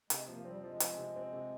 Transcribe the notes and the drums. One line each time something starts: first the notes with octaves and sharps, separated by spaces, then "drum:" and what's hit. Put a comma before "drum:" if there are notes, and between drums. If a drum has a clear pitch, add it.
C3 G#3, drum: hi-hat
F3 A#3
G3 C4
F3 G#3
C4, drum: hi-hat
C3
C4
C3